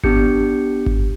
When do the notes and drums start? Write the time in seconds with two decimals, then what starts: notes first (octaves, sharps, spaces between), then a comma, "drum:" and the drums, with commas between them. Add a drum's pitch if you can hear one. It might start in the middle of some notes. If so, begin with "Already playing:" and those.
0.04 B3 D4 G4 G6 C#7, drum: kick G#1
0.86 drum: kick G#1